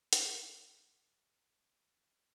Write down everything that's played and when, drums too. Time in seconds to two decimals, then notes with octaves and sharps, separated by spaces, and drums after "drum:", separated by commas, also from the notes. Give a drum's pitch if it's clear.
0.13 C#3 F4, drum: hi-hat